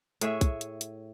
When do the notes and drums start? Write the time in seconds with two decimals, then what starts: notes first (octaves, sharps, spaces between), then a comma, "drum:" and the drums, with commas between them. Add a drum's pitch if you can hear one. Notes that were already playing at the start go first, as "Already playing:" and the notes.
0.21 A2 G#4 C#5 E5, drum: hi-hat
0.41 drum: kick B1, hi-hat
0.61 drum: hi-hat
0.81 drum: hi-hat